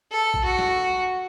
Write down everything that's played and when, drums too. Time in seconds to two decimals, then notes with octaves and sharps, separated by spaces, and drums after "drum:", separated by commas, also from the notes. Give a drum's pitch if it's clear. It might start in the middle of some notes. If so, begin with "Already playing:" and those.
0.12 A4
0.34 drum: kick A#1
0.44 F#4
0.59 drum: snare